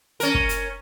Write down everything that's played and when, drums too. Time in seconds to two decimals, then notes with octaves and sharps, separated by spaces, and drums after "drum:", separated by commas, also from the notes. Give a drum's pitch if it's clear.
0.20 C#4 A#4, drum: hi-hat
0.34 drum: kick
0.49 drum: hi-hat